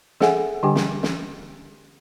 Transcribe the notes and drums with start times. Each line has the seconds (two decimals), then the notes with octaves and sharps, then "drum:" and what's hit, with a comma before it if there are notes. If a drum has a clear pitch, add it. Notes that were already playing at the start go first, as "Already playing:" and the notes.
0.20 G#4 A4 C#5 E5 F#5 G#5, drum: snare
0.63 D3 G3 D4 G4 G5 G#5
0.76 drum: snare
1.03 drum: snare